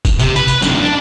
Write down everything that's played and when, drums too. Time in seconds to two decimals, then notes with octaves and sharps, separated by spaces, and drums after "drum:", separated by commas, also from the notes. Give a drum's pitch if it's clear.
0.05 drum: kick, tambourine
0.19 C3, drum: tambourine
0.36 B4, drum: tambourine
0.48 drum: tambourine
0.62 F#2 D3, drum: tambourine
0.81 D4